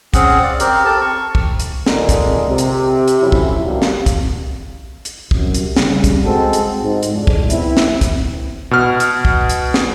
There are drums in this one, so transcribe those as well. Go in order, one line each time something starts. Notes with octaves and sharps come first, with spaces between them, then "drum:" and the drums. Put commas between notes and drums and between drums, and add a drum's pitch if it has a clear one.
C4 C#4 G#4 F#5, drum: kick, hi-hat
D5 F5
C4 G4 A#4, drum: hi-hat
A4 A#4 A5
C#6
drum: kick
drum: hi-hat
G#1 A#2 D3 G#3 A#4, drum: snare
drum: kick, hi-hat
C3
drum: hi-hat
drum: hi-hat
F2 F#3 C#4 E4
drum: kick
A1 G3 A#3 D4 F#4
drum: snare
drum: kick, hi-hat
drum: hi-hat
C2 F#2, drum: kick
drum: hi-hat
C#3 G3, drum: snare
drum: kick, hi-hat
G#3 C4 F#4 A4
drum: hi-hat
G#2
drum: hi-hat
C2 F2 G#3 D4
drum: kick
B3 C4 E4, drum: hi-hat
drum: snare
drum: kick, hi-hat
B2 F6
drum: hi-hat
drum: kick
drum: hi-hat
drum: snare